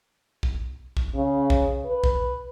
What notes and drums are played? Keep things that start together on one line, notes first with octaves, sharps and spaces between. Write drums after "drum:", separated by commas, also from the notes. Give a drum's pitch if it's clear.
drum: kick
drum: kick
C#3
drum: kick
B4
drum: kick